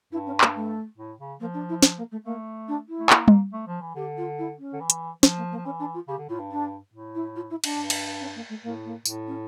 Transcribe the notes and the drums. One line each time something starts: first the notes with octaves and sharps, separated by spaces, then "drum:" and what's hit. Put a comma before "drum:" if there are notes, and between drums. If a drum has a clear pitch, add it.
G2 E4
C#4
A#3, drum: clap
A3
A2
C#3
F3 A#3
D4
E4
D4, drum: snare
A#3
A3
A3 A#3
D4
E4
A3
A#3, drum: clap
drum: tom G3
A3
F3
E3
D3 G4
F4
E4
C#4
D3
E3
drum: hi-hat
F3 D4, drum: snare
A#3
A#3
F3
E3 C#4
D4
F4
C#3 G4
D3
A2 F4
G2
D4
A2
E4
F4
E4
D4, drum: cymbal
G2
drum: cymbal
C#4
A#3
A3
A2 A#3
A#3
A2, drum: tambourine
C#4